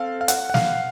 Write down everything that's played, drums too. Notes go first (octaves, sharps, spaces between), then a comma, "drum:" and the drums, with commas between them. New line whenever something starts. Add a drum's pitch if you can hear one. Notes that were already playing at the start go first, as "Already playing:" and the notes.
Already playing: C4 A4 F5
F5
F#5, drum: hi-hat
F#5
F5, drum: snare